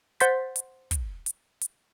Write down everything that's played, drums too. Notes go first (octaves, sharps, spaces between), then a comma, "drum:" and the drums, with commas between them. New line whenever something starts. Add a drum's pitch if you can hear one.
C5 F#5 C6 G6 A6 B6, drum: hi-hat
drum: hi-hat
drum: kick, hi-hat
drum: hi-hat
drum: hi-hat